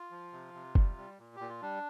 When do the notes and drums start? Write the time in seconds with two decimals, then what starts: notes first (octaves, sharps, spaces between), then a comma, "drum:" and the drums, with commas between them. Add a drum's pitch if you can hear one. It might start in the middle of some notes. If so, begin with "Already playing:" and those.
Already playing: F4
0.11 F3
0.33 C3
0.54 C3
0.75 G3, drum: kick
0.97 G3
1.19 A#2
1.36 A#2 G4
1.49 F4
1.62 G3 D4